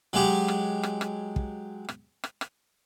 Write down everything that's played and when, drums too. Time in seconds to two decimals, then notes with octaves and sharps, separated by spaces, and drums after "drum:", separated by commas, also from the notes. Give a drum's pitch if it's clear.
0.13 F#3 G#3 G4
0.48 drum: rim click
0.83 drum: rim click
1.01 drum: rim click
1.36 drum: kick
1.89 drum: rim click
2.24 drum: rim click
2.41 drum: rim click